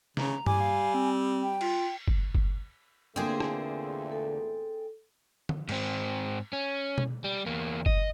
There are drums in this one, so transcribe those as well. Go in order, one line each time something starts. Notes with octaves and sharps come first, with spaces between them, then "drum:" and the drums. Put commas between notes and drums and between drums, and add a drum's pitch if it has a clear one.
C#3 A#5, drum: snare
G3 G#5 D6, drum: tom G2
F5
C4
G5
F4, drum: cymbal
drum: kick G1
drum: kick G1
E2 A#2 D3 A3 A#3 C4 G#4
drum: rim click
A4
drum: tom
G#2 C4, drum: cymbal
C#4
drum: tom B2
G3
E2 A#3
D#5, drum: kick G1